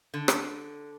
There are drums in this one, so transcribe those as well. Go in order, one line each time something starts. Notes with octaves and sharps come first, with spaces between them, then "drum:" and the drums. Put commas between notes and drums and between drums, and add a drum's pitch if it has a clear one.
D3
drum: rim click